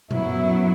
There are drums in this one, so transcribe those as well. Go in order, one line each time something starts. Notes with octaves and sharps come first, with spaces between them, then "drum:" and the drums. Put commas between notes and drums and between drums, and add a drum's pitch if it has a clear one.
F#2 F#3 B3 E4, drum: tom A#2